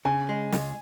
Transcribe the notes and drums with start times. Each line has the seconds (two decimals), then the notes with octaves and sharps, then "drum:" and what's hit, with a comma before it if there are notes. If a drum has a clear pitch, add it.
0.05 C#3 G#5
0.29 G#3
0.52 C#2, drum: snare